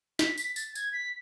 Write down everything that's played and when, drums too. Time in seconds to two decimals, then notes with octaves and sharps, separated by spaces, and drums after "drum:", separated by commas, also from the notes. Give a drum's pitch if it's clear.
0.19 B6, drum: snare
0.38 B6, drum: tambourine
0.56 A6, drum: tambourine
0.75 G#6, drum: tambourine
0.93 B6